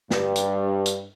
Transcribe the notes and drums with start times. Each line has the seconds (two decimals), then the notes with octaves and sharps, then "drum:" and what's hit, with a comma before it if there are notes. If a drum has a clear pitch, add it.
0.11 G2, drum: snare
0.36 drum: hi-hat
0.86 drum: hi-hat